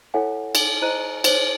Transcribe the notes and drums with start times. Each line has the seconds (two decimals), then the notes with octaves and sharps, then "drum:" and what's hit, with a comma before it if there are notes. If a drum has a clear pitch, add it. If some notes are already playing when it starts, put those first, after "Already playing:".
0.14 E4 A4 C#5 E5 F#5 G#5
0.55 drum: cymbal
0.82 E4 C5 D#5 A#5 F#6 D#7
1.24 C5 C#5, drum: cymbal